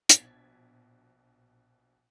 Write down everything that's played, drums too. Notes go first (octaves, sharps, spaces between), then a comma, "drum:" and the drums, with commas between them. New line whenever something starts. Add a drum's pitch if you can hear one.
A#1 B2 G#6 A6 B6, drum: hi-hat